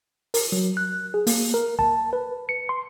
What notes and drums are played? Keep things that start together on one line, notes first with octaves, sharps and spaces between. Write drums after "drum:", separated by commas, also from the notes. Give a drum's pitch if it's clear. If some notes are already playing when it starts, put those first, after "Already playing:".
A#4, drum: open hi-hat
F#3
F#6
G#4
A#3, drum: open hi-hat
A#4
A5, drum: kick
B4
C#7
C6